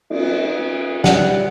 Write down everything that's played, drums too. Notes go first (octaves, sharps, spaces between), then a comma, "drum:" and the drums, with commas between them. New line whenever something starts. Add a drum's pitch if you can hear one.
drum: cymbal
G3 F#5, drum: snare